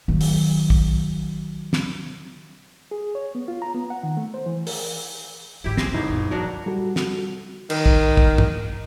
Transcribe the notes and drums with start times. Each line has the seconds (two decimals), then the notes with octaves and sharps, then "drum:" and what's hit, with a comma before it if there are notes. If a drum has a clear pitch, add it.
0.08 D#3 F#3
0.21 drum: open hi-hat
0.70 drum: kick
1.73 drum: snare
2.91 G#4
3.15 C#5
3.35 B3
3.48 F4
3.62 A#5
3.75 B3
3.90 F#5
4.03 D#3
4.17 A3
4.34 C5
4.46 E3
4.67 A#4, drum: open hi-hat
5.64 G#2 D#3 E4 G4
5.77 C#2 A#3 G#4 C5 A#6, drum: snare
5.94 G1 C3 D#4 E4
6.10 F#2 A#2
6.31 F3 D4 F#4 A#4
6.66 G3 F#4 A4
6.96 drum: snare
7.70 D#3, drum: cymbal
7.86 drum: kick
8.17 drum: kick
8.38 drum: tom G2